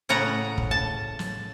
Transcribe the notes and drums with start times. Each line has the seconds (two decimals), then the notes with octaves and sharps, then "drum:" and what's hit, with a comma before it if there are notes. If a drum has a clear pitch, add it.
0.09 A2 C#3 F#5 A#5
0.58 drum: kick
0.71 A5
1.19 drum: snare